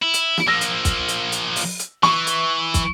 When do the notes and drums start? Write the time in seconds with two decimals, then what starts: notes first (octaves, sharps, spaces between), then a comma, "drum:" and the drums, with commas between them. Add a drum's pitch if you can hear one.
0.02 E4
0.14 drum: hi-hat
0.38 drum: snare
0.48 F3 A#3 E6 A#6
0.61 drum: hi-hat
0.85 drum: kick, hi-hat
1.09 drum: hi-hat
1.32 drum: hi-hat
1.56 drum: open hi-hat
1.80 drum: hi-hat
2.03 E3 C#6, drum: snare
2.27 drum: hi-hat
2.74 drum: kick, hi-hat